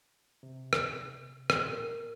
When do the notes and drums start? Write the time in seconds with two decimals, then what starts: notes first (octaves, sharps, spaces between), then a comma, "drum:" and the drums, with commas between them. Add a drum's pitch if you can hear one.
0.43 C3
0.73 drum: rim click
1.50 A4 C6, drum: rim click
1.67 A#2 A#4